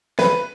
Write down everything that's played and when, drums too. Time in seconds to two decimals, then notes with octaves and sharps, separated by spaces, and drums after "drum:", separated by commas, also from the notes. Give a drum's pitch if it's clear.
0.19 B4, drum: snare